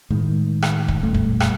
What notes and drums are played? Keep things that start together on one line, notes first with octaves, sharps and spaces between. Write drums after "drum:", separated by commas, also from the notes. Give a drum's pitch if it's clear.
A2 D#3 G#3
drum: rim click
drum: kick
F2 A#2 G3 A3
drum: kick
drum: rim click